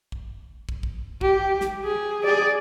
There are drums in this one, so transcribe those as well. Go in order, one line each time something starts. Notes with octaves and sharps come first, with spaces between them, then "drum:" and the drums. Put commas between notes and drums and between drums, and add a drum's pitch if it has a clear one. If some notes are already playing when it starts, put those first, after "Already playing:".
drum: kick
drum: kick
drum: kick
G4, drum: kick
drum: snare
G#4
G#4 D5